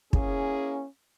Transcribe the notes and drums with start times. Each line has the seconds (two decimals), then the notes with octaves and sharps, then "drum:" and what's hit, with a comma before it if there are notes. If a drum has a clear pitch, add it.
0.13 A#3 C#4 E4 G#4, drum: kick